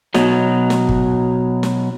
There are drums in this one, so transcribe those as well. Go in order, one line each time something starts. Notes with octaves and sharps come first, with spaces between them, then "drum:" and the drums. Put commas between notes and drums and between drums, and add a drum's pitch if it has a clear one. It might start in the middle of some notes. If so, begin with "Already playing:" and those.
B2 F#3 D#4, drum: snare
drum: snare
drum: kick
drum: snare